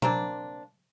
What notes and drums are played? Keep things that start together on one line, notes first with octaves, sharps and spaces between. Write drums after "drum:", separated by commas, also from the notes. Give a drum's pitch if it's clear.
A#3 C4 D4, drum: tom B2